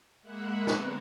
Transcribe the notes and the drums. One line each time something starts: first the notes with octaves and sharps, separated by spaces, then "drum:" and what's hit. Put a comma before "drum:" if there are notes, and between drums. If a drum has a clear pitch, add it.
G#3 A#3 E5 F#5 B5 F#6
D3 B3 C4 D4 A#4 B4, drum: snare